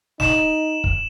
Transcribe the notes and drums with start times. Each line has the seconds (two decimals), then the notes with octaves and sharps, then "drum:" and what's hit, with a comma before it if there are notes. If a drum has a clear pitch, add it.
0.20 D#4 E7 F#7, drum: snare
0.84 drum: kick